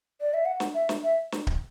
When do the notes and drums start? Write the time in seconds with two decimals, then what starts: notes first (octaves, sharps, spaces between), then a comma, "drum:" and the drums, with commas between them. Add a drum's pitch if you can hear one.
0.21 D5
0.34 E5
0.45 F#5
0.60 drum: snare
0.75 E5
0.89 drum: snare
1.04 E5
1.32 drum: snare
1.47 drum: kick D1